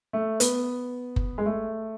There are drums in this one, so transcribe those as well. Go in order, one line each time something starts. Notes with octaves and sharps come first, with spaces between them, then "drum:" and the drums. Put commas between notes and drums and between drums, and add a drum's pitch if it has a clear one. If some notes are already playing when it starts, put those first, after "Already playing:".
A3
B3, drum: hi-hat
drum: kick F#1
G#3
A3